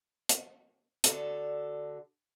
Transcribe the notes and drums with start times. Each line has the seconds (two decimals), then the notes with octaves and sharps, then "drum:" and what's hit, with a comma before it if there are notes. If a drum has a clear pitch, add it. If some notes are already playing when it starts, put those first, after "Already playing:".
0.29 drum: hi-hat
1.04 D2 D3 F#4 A4, drum: hi-hat